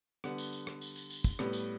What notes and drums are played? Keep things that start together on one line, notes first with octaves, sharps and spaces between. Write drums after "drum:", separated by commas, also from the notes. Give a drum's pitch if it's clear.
D3 G3 B3 F#5, drum: rim click
drum: tambourine
drum: tambourine
drum: rim click
drum: tambourine
drum: tambourine
drum: tambourine
drum: kick, tambourine
A2 G3 B3, drum: rim click
drum: tambourine